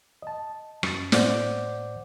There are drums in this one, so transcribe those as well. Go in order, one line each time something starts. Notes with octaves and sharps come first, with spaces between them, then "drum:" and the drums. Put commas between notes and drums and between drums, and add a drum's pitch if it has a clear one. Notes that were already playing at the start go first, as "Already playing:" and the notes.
D#5 A5
F#2 A6, drum: rim click
A2 C5 D5 F#5 D6 G6, drum: snare